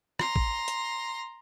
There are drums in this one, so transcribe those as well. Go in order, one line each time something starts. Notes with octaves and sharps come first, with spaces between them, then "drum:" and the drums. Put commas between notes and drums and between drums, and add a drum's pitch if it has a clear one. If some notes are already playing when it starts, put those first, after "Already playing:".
A#5 C6, drum: rim click
drum: kick A1
drum: hi-hat